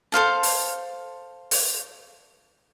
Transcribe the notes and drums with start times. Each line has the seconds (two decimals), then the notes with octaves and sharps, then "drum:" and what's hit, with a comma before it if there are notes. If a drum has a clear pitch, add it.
0.12 A4 C5 F5 A5
0.43 drum: open hi-hat
1.51 drum: open hi-hat